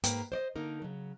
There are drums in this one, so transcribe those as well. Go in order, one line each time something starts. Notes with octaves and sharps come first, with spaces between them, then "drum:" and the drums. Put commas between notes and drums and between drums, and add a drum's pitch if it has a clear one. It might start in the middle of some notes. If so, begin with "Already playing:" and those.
G#2 A#3 B4 G5, drum: hi-hat
C5 D5 D#5
D3 A#3 D#4 A#4
C#3 F#3